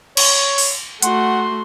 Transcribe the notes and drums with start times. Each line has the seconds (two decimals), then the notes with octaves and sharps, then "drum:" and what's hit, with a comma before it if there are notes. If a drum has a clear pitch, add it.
0.17 C#5, drum: cymbal
0.58 drum: open hi-hat
1.02 A3 F#4 F#5 C6, drum: hi-hat